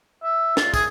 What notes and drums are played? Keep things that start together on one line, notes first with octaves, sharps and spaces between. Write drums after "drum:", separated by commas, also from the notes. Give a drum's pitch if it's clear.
E5
F4, drum: snare
G#4, drum: kick, tambourine